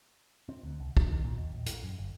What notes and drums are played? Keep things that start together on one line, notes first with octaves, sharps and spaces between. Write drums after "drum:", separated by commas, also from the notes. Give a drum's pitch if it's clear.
C4
D2
C2
G2, drum: kick
D#3
A#2
D#2
A#1
A1, drum: hi-hat
F#2
G1